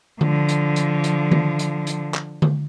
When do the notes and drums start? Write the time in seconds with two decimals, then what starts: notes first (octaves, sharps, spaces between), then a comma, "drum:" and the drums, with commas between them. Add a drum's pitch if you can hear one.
0.21 D3 F3, drum: tom D3
0.49 drum: hi-hat
0.76 drum: hi-hat
1.04 drum: hi-hat
1.31 drum: tom D#3
1.59 drum: hi-hat
1.87 drum: hi-hat
2.14 drum: clap
2.42 drum: tom D3